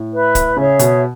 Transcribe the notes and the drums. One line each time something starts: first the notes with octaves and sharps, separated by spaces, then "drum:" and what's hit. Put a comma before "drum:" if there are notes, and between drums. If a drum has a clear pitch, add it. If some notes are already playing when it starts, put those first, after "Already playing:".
Already playing: A2
B4 E5 B5
drum: kick C#1, hi-hat
C#3 G#4 C#5 E5
B2, drum: hi-hat